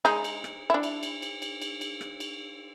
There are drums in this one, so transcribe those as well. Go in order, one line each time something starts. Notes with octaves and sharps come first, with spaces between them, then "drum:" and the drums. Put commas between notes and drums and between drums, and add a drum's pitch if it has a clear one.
G#3 D#4, drum: cymbal
drum: cymbal
drum: rim click
D4 E4
drum: cymbal
drum: cymbal
drum: cymbal
drum: cymbal
drum: cymbal
drum: cymbal
drum: rim click
drum: cymbal